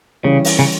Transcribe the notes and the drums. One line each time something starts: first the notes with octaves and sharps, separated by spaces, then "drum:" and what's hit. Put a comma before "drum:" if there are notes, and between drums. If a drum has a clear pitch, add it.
C#3 E3 G3 C#4 G4 C#5
drum: open hi-hat
C#3